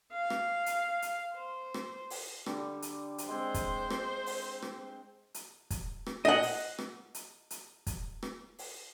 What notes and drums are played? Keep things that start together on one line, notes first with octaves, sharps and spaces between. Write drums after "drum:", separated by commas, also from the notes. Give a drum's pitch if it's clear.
F5
drum: rim click
drum: hi-hat
drum: hi-hat
C5
drum: rim click
drum: open hi-hat
D3 G3, drum: rim click
drum: hi-hat
drum: hi-hat
G#3 C4 C5
drum: kick, hi-hat
drum: rim click
drum: open hi-hat
drum: rim click
drum: hi-hat
drum: kick, hi-hat
drum: rim click
D#5 F#5
drum: open hi-hat
drum: rim click
drum: hi-hat
drum: hi-hat
drum: kick, hi-hat
drum: rim click
drum: open hi-hat